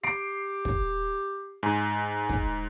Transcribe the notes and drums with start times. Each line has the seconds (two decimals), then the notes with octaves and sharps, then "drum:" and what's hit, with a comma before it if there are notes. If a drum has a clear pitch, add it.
0.04 G4 C7 D7, drum: rim click
0.65 drum: kick
1.63 G#2 G#5
2.29 drum: kick